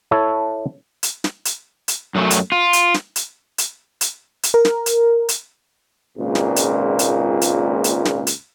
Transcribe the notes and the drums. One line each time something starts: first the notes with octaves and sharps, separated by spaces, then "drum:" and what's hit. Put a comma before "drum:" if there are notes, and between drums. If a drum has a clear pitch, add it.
E4 A4 C#5
drum: hi-hat
drum: snare
drum: hi-hat
drum: hi-hat
F#2 F#3 A3
drum: hi-hat
F4
drum: hi-hat
drum: snare
drum: hi-hat
drum: hi-hat
drum: hi-hat
drum: hi-hat
A#4
drum: snare
drum: hi-hat
drum: hi-hat
G#1 C#2 A#2
drum: snare
drum: hi-hat
drum: hi-hat
drum: hi-hat
drum: hi-hat
drum: snare
drum: hi-hat